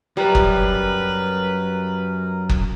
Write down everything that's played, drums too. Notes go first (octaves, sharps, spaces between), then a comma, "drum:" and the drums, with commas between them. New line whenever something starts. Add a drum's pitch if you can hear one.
F#2 G3 A#4 B4 A#5
drum: kick F#1
drum: kick F#1